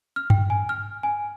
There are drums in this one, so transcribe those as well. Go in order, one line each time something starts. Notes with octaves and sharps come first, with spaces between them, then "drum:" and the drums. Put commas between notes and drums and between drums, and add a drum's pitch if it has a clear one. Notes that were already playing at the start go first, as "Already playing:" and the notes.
F6
G5, drum: tom G2
G#5
F6
G#5